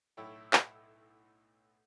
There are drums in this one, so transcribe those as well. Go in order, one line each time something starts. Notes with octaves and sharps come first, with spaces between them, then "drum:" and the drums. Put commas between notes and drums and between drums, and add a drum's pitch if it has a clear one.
B1 A2 E4 A4 C#5 G5
drum: clap